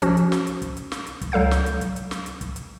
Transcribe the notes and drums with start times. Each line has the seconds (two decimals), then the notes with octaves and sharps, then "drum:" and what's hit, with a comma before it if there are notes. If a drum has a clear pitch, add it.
0.02 F3 C#4 F#4 C5, drum: kick, hi-hat
0.17 drum: hi-hat
0.32 drum: snare
0.47 drum: hi-hat
0.62 drum: kick, hi-hat
0.77 drum: hi-hat
0.92 drum: snare
1.07 drum: hi-hat
1.21 drum: kick, hi-hat
1.32 C#2 F#3 A4 F5 G6
1.51 drum: snare
1.66 drum: hi-hat
1.81 drum: kick, hi-hat
1.96 drum: hi-hat
2.11 drum: snare
2.26 drum: hi-hat
2.41 drum: kick, hi-hat
2.56 drum: hi-hat